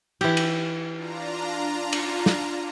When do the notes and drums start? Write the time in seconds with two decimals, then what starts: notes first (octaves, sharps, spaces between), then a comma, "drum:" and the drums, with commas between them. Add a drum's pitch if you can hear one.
0.21 E3 G4, drum: cymbal
0.37 drum: cymbal
0.95 D4 F4 A#5
1.93 drum: cymbal
2.26 drum: snare